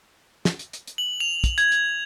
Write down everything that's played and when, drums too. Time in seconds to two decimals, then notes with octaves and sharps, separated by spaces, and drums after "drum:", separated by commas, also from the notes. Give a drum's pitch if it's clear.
0.45 drum: snare
0.59 drum: hi-hat
0.73 drum: hi-hat
0.87 drum: hi-hat
0.98 F#7
1.20 F7
1.44 drum: kick, hi-hat
1.58 G#6, drum: hi-hat
1.72 drum: hi-hat